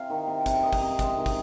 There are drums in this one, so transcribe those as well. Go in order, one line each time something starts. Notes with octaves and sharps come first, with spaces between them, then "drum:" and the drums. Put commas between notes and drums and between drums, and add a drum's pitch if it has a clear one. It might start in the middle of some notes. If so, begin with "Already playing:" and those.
Already playing: C3 F5
D#3
C3
C3, drum: kick, hi-hat
D#3 D#5
drum: kick, open hi-hat
C3 D#5
G#3 D#5, drum: kick, hi-hat
D#3
D#5, drum: kick, open hi-hat